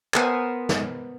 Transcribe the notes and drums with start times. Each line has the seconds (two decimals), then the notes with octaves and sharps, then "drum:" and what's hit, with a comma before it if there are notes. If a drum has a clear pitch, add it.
0.14 B3 A#4 C5 G#5, drum: clap
0.69 drum: snare